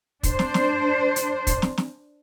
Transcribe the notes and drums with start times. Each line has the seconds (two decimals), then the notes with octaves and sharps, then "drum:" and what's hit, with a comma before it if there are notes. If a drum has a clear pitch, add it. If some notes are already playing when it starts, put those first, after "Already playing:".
0.23 D4 C5, drum: kick, hi-hat
0.39 drum: snare
0.54 drum: snare
1.16 drum: hi-hat
1.47 drum: kick, hi-hat
1.62 drum: snare
1.78 drum: snare